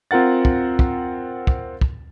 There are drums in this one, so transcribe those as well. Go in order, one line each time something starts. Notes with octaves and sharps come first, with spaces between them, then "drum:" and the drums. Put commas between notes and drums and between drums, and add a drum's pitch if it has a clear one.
C4 F4 A#4 F#5 A6
drum: kick
drum: kick
drum: kick
drum: kick